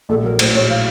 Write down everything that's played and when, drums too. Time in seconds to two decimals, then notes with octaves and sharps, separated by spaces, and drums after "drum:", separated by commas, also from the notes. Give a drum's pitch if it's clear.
0.09 A#1 A4
0.23 F#3 A#4
0.39 A2 C5, drum: cymbal
0.54 A#1 C#5
0.69 F5